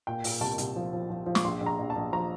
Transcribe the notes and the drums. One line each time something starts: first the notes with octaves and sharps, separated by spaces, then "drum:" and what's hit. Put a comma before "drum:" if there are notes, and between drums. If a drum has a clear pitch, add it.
A#2 G5
A#2, drum: open hi-hat
C2 A5
C2, drum: hi-hat
F3
F3
F3
F3
D6, drum: snare
A#1 C6
A#1
A#5
A#1
A5
A#1
F3 A#5